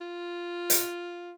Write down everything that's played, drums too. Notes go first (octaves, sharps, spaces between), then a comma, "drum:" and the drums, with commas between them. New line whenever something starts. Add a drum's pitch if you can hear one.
F4
drum: hi-hat